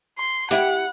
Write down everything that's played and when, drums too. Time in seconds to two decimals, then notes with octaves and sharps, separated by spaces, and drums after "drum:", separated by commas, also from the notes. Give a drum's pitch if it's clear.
0.18 C6
0.51 E4 G4 F#5, drum: hi-hat